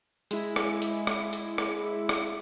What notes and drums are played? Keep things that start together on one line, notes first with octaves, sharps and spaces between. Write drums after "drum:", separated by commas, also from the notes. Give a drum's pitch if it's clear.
G#3 E4, drum: hi-hat
drum: rim click
drum: hi-hat
drum: rim click
drum: hi-hat
drum: rim click
drum: rim click